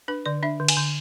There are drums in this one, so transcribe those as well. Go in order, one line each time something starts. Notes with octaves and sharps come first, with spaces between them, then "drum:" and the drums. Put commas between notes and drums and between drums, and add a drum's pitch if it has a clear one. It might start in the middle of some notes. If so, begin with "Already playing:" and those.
D4 B4
D3 D5
D4 E5
D3
G#5, drum: cymbal
D3